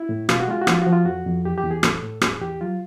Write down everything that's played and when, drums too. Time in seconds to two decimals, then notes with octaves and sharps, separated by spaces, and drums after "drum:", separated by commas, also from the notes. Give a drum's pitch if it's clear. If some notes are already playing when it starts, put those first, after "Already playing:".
Already playing: E4
0.09 A2
0.29 B2 F4, drum: rim click
0.40 F#4
0.48 G#3 F4
0.61 F#4
0.67 F3 F4, drum: rim click
0.82 F3 F#4
0.92 F4
1.06 F2 F#4
1.26 F2
1.45 E2 G4
1.58 G4
1.64 E2
1.71 G#4
1.83 A2 A4, drum: rim click
2.02 A2
2.21 E2 G#4, drum: rim click
2.42 E2 G4
2.61 F#3 F4